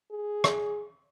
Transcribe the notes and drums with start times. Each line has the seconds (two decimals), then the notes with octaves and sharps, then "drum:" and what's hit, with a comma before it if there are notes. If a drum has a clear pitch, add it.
0.11 G#4
0.44 drum: rim click